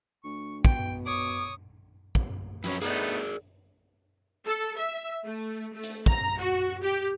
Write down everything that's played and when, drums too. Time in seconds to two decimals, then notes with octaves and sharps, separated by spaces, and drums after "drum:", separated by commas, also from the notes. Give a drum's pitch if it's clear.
0.24 D2 C#6
0.65 B2 G5, drum: kick
1.06 C#5 D6 D#6
2.15 drum: kick
2.64 F2 F#3 C#4 B4, drum: hi-hat
2.82 A3 B3 D#4 G#4 A#4 D5, drum: hi-hat
4.45 A4
4.77 E5
5.24 A3
5.74 A3
5.83 drum: hi-hat
6.06 A#5, drum: kick
6.38 F#4
6.82 G4